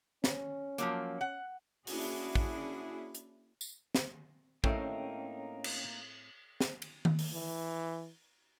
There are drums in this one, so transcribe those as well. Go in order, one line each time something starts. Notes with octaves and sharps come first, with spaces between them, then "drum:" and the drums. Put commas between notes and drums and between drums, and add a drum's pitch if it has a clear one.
C#4, drum: snare
F3 F#3 A#3, drum: hi-hat
F#5
A#3 C#4 D4 E4 F#4 G#4, drum: open hi-hat
drum: kick
drum: hi-hat
drum: tambourine
drum: snare
A2 A3 A#3 C4 C#4 D#4 C#5 G5, drum: kick
drum: cymbal
drum: snare
drum: cymbal
drum: tom D#3
drum: open hi-hat
E3